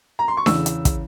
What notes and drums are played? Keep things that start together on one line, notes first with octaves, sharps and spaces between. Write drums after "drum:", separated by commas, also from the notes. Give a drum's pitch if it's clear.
A#5
C6
C#6
E2 C#3 E6, drum: snare D4
drum: hi-hat
drum: kick, hi-hat